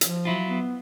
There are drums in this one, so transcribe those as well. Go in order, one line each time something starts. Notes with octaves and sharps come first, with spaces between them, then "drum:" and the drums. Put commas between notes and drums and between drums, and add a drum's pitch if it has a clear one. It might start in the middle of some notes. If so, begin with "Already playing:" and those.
F3, drum: hi-hat
F#3 E4 F4
B3